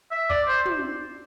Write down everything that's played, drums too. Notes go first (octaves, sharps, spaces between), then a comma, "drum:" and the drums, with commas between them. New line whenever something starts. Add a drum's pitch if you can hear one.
E5
D5, drum: kick
C5
drum: tom